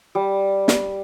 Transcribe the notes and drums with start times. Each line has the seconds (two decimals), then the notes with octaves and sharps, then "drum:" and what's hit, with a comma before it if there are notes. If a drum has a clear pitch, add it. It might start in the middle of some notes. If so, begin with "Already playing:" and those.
0.15 G3
0.68 drum: snare